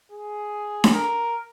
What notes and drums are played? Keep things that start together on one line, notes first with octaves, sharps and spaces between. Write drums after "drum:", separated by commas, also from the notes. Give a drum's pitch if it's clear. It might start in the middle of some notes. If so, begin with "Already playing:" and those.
G#4
drum: snare D4
A#4